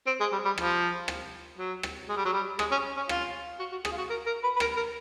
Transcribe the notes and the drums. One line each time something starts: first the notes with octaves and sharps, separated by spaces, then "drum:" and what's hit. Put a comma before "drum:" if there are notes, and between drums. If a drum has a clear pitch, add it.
C4
G#3
G3
G3
F3, drum: rim click
drum: rim click
F#3
drum: rim click
G#3
G3
F#3
G3
G#3, drum: rim click
C#4
C#4
F4, drum: rim click
F#4
F#4
G#4, drum: rim click
F4
F#4
A#4
A#4
B4
B4
A#4, drum: rim click
A#4